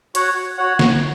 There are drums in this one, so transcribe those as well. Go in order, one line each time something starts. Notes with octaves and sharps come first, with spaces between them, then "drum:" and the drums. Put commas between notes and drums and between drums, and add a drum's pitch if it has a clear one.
F#4 C#5 F#5, drum: hi-hat
F#4 C#5 F#5
drum: snare